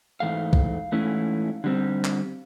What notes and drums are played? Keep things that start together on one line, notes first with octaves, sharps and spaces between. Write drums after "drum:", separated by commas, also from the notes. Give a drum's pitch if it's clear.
G#2 E3 A3 F5
drum: kick A#1
G#2 E3 A3 C#4 E4
D3 G3 C4
drum: clap